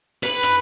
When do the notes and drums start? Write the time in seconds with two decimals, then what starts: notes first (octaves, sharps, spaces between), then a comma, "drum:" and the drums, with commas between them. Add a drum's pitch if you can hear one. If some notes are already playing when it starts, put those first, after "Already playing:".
0.23 B4, drum: cymbal
0.43 drum: rim click